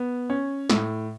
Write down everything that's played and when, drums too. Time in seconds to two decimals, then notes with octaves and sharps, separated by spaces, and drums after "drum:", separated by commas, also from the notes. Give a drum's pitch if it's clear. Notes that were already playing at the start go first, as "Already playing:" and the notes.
Already playing: B3
0.30 C#4
0.70 A2, drum: snare